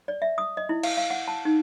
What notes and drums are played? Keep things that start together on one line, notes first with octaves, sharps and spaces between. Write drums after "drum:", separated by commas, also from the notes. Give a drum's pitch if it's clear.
D5
E5
D#6
D#5
E4
F5, drum: cymbal
F5
F#5
A5
D#4